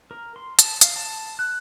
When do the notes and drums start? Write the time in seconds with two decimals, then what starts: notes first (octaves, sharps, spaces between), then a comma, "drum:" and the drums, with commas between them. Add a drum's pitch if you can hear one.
0.11 A#4
0.36 C6
0.59 A5, drum: hi-hat
0.81 F5, drum: hi-hat
0.96 A5
1.39 F#6